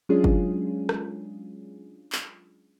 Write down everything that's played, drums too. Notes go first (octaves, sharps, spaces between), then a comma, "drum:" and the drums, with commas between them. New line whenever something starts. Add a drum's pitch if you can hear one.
F#3 G#3 C#4 D4 F4 G#4
drum: kick
drum: rim click
drum: clap